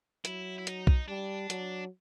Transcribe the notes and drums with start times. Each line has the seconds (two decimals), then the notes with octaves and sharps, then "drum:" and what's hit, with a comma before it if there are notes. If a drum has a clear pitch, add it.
0.25 F#3 E4, drum: hi-hat
0.59 E4
0.67 D#4, drum: hi-hat
0.87 drum: kick B1
1.08 G3 D4
1.50 F#3, drum: hi-hat